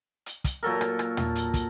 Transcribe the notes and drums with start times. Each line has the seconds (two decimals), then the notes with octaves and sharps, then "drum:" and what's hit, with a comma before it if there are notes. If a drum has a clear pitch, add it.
0.26 drum: hi-hat
0.44 drum: kick, hi-hat
0.63 A#2 F#3 A4 A#4
0.81 drum: rim click
0.99 drum: rim click
1.17 drum: tom
1.35 drum: hi-hat
1.54 drum: kick, hi-hat